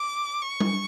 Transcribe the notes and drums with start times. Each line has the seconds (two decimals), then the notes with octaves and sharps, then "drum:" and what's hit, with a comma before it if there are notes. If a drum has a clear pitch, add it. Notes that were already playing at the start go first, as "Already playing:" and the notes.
Already playing: D6
0.41 C#6
0.60 drum: tom G3